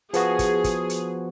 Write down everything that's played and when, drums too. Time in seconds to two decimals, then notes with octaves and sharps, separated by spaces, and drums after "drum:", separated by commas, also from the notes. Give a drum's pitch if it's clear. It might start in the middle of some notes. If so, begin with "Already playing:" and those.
0.14 F3 B3 F#4 G#4, drum: hi-hat
0.39 drum: kick, hi-hat
0.64 drum: kick, hi-hat
0.89 drum: hi-hat